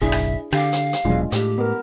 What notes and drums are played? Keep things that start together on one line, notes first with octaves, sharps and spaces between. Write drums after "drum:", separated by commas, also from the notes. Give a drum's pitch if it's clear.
F#1 B1 D4 E4 G#4 E5
drum: rim click
D3 G4 F5, drum: rim click
drum: hi-hat
drum: hi-hat
D#1 B2 F#3 G#3 D4 F4
A2 G4, drum: hi-hat
B3 A#4